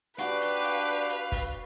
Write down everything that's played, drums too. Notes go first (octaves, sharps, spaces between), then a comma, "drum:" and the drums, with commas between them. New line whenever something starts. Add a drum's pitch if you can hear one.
D4 F#4 G4 B4 F5, drum: hi-hat
drum: hi-hat
drum: hi-hat
drum: hi-hat
drum: kick, open hi-hat